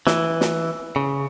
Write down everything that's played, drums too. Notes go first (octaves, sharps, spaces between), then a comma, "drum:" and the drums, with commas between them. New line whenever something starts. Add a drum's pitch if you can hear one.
E3, drum: snare
drum: snare
C#3